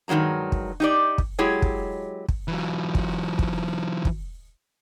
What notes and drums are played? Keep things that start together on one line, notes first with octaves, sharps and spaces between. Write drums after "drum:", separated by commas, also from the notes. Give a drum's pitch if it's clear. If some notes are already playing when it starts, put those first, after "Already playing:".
G2 D#3 F#3 G#3 A#5
drum: kick
D#4 G4 D5
drum: kick
F#3 G#3 E4 G4 G#4 C#5
drum: kick
drum: kick
E3 F#3
drum: kick
drum: kick
drum: kick